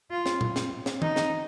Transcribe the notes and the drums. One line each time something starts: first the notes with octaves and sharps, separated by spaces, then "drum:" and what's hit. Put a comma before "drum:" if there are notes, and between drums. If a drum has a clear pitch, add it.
F4
drum: snare
drum: tom A#2
drum: snare
drum: snare
D#4, drum: tom D#3
drum: snare